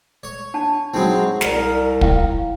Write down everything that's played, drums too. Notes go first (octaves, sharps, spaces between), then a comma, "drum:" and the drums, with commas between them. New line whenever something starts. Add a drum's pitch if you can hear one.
C#5
D4 A5
F#3 G#3 C4 D#4 F#4
C2 A#4 D5 A#5, drum: snare
E4 F5 G5, drum: kick